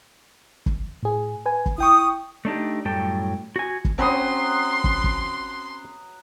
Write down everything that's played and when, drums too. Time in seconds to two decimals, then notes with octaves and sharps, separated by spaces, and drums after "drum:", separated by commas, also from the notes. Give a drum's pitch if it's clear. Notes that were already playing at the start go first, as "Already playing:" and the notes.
0.66 drum: kick
1.03 A2 G#4
1.46 B4 G#5
1.66 drum: kick
1.78 E4 G5 C#6 D#6
2.45 A3 D4 D#4 G4
2.85 F#2 A2 F#3 G3 A4 G5
3.56 F#4 G#5
3.85 drum: kick
3.99 F#3 C4 C#4 B4 C6 D#6
4.84 drum: kick
5.04 drum: kick